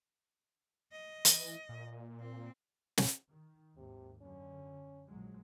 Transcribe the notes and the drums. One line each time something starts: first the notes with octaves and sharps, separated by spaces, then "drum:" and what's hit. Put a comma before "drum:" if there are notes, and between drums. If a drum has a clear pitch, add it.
D#5
E3, drum: hi-hat
A#2
C4
drum: snare
D#3
G#1 D#2 C3
F#2 D3 C#4
A#1 F#3 G#3